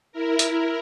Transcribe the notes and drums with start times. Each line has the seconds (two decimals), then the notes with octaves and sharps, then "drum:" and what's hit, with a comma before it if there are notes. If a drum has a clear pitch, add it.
0.12 E4 A#4
0.39 drum: hi-hat